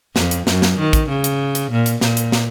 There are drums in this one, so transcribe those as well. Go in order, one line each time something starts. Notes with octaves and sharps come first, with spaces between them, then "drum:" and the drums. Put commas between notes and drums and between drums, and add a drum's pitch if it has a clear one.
F2, drum: snare
drum: hi-hat
F#2, drum: snare
drum: snare
D#3
drum: kick, hi-hat
C#3
drum: hi-hat
drum: hi-hat
A#2
drum: hi-hat
A#2, drum: snare
drum: hi-hat
drum: snare